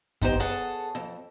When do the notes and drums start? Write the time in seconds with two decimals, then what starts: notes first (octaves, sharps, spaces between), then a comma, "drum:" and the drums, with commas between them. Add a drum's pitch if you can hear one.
0.21 B3 D#4 G4 C5, drum: kick F#2
0.40 G#4 A4 C#5 F#5 A5
0.95 F2